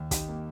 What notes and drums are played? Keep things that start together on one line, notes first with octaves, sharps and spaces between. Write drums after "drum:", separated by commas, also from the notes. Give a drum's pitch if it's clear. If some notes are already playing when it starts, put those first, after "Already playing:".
Already playing: D#2
D#4 G4, drum: kick, hi-hat
A#3